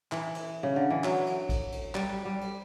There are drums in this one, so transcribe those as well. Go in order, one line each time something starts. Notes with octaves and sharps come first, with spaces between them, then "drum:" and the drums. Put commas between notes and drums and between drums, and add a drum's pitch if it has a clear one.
E3, drum: clap
drum: cymbal
C#3
D3
E3
F#3, drum: clap
drum: cymbal
drum: kick, cymbal
drum: cymbal
G3, drum: clap
G3
drum: cymbal